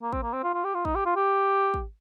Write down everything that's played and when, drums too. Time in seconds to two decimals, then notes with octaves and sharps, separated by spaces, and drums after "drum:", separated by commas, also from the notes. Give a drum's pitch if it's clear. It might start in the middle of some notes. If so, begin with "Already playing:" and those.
0.02 A#3
0.13 C4, drum: kick
0.23 A#3
0.33 C4
0.44 F4
0.54 F4
0.64 G4
0.75 F4
0.85 D#4, drum: kick
0.95 G4
1.06 F4
1.16 G4
1.74 drum: kick